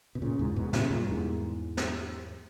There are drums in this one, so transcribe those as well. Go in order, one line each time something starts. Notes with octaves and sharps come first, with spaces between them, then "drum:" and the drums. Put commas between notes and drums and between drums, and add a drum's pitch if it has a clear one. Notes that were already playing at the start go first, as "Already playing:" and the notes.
B2
A#2 C#3
E2 G#2
G#2 B2
A#2 C#3, drum: snare
G2 A#2
E2 G#2
drum: snare